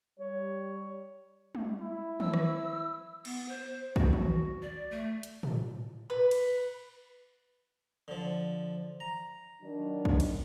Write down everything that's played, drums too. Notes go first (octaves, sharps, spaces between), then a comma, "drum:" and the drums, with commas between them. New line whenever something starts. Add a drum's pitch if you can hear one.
G3 C#5
drum: tom
E4
E6, drum: tom
drum: rim click
B3, drum: cymbal
C5
F#4, drum: kick
drum: tom
D5
A3
drum: hi-hat
drum: tom
B4
drum: cymbal
D3 F3
A#5
D#3 F#3 D4
drum: kick
drum: cymbal